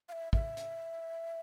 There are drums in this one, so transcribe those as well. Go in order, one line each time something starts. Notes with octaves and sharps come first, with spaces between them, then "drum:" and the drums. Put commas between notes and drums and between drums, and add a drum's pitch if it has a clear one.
F5
E5
E5, drum: kick
drum: hi-hat